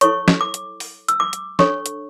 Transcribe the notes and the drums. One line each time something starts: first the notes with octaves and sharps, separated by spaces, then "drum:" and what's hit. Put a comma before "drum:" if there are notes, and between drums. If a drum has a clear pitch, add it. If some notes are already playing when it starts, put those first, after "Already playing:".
E4 A4 C#5 C#6, drum: hi-hat
drum: snare
D6
drum: hi-hat
drum: open hi-hat
E6, drum: hi-hat
D6
drum: hi-hat
D4 A4 C#5 C#6, drum: snare
drum: hi-hat